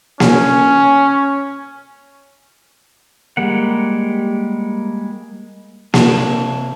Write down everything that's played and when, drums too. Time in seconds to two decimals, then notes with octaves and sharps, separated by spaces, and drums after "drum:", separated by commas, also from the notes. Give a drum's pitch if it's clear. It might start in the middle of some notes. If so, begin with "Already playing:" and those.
0.20 C#4, drum: snare A#3
3.37 G3 G#3 A#3 F#5
5.94 C3 C#5 A5, drum: snare A#3